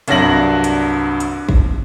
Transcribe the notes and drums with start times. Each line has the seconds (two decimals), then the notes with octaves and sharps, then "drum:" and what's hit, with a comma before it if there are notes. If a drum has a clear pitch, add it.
0.08 C2 G2 F#3 A#6 F#7, drum: hi-hat
0.64 drum: hi-hat
1.20 drum: hi-hat
1.49 drum: kick